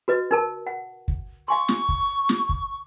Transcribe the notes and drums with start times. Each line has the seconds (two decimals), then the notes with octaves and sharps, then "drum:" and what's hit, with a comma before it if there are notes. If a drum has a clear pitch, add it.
0.08 F#4 B4 D#5
0.31 D#4 A#4 A5
0.67 F#5
1.08 drum: kick
1.48 F5 G#5 C6 C#6
1.68 drum: snare
1.89 drum: kick
2.29 drum: snare
2.49 drum: kick